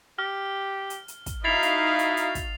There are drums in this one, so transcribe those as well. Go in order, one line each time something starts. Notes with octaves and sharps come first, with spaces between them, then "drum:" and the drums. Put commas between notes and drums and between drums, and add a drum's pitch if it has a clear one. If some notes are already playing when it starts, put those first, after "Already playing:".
G4 F6
drum: hi-hat
drum: hi-hat
drum: kick, hi-hat
D#4 E4 F#4 F5 A6 C7 F7
drum: hi-hat
drum: hi-hat
drum: hi-hat
drum: kick, hi-hat